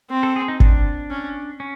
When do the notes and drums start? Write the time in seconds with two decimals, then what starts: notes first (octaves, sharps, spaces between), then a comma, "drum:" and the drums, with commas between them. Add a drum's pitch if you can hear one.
0.10 C4
0.23 A4
0.36 G#4
0.48 D#4
0.60 D4, drum: kick G1
1.11 C#4
1.60 C#4